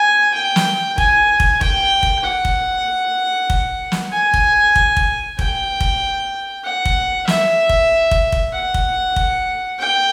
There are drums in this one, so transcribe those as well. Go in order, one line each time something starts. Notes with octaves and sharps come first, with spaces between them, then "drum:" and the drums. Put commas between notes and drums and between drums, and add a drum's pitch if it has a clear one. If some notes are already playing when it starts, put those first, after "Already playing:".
Already playing: G#5
G5
drum: snare
G#5, drum: kick
drum: kick
G5, drum: kick
drum: kick
F#5
drum: kick
drum: kick
drum: snare
G#5
drum: kick
drum: kick
drum: kick
G5, drum: kick
drum: kick
F#5
drum: kick
E5, drum: snare
drum: kick
drum: kick
drum: kick
F#5
drum: kick
drum: kick
G5